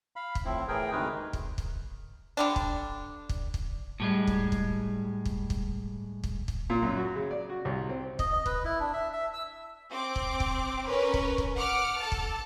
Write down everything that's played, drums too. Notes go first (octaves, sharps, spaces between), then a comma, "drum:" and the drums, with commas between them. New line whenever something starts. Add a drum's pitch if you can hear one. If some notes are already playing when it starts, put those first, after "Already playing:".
F5 B5
drum: kick
A2 F3 C4 E4
A2 E3 G#4 A#4 G5
D2 C3 D#3 G#3 A#4 B4
drum: kick
drum: kick
D3 G3 D4
drum: kick
drum: kick
drum: kick
A2 G3 G#3
drum: kick
drum: kick
drum: kick
drum: kick
drum: kick
drum: kick
A#2
F#2
F#4
C#3
D5
F#4
C2
C4
D#5, drum: kick
D#5
B4, drum: kick
E4
D4
E5
E5
E6
C4 D6
drum: kick
drum: kick
C#4 A#4 B4
drum: kick
drum: kick
F#5 D6 F6
A4 A5
drum: kick